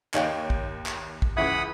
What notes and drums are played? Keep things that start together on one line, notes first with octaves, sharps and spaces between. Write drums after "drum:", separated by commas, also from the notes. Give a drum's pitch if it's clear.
D#2 D#4 C#5 D#5 F5 G5, drum: clap
drum: kick
drum: clap
drum: kick
C#2 E3 E5 F#5 B5 D#6 G#6